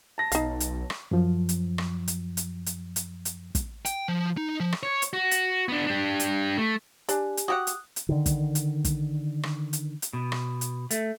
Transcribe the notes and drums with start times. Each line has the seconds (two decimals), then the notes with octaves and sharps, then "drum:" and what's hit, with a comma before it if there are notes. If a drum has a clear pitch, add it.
0.18 A5 A#6
0.32 B1 D#4 F5, drum: hi-hat
0.60 drum: hi-hat
0.90 drum: rim click
1.11 F#2 F3
1.49 drum: hi-hat
1.78 drum: rim click
2.08 drum: hi-hat
2.37 drum: hi-hat
2.66 drum: hi-hat
2.96 drum: hi-hat
3.25 drum: hi-hat
3.55 drum: kick, hi-hat
3.85 G5, drum: hi-hat
4.08 F3
4.37 D#4
4.60 F3
4.72 drum: rim click
4.83 C#5
5.02 drum: hi-hat
5.13 F#4
5.31 drum: hi-hat
5.68 B3 D4
5.87 D4 G4
6.20 drum: hi-hat
6.58 A3
7.09 D4 G4 G#5, drum: hi-hat
7.37 drum: hi-hat
7.48 F#4 G4 F#5 D#6 F#6
7.67 drum: hi-hat
7.96 drum: hi-hat
8.09 D3 D#3
8.26 drum: kick, hi-hat
8.55 drum: hi-hat
8.85 drum: kick, hi-hat
9.43 drum: rim click
9.73 drum: hi-hat
10.02 drum: hi-hat
10.13 B2
10.32 drum: rim click
10.61 drum: hi-hat
10.91 A3, drum: hi-hat